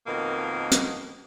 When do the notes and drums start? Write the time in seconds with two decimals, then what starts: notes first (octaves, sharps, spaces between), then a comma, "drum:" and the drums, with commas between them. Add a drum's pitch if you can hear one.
0.07 F2 B2 D#3 A#3
0.71 drum: hi-hat